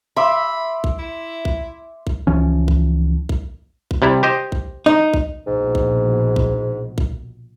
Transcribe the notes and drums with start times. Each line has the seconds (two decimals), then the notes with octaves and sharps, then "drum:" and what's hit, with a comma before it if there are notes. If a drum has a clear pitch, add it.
0.17 E5 B5 C6 D6
0.84 drum: kick A#1
0.98 E4
1.45 drum: kick A#1
2.07 drum: kick A#1
2.27 C#2 E3 F3 C#4
2.68 drum: kick A#1
3.29 drum: kick A#1
3.91 drum: kick A#1
4.02 C3 G3 E4
4.23 G4 C5 D#5
4.52 drum: kick A#1
4.86 D#4
5.14 drum: kick A#1
5.47 A#1 G#2 B2
5.75 drum: kick A#1
6.36 drum: kick A#1
6.98 drum: kick A#1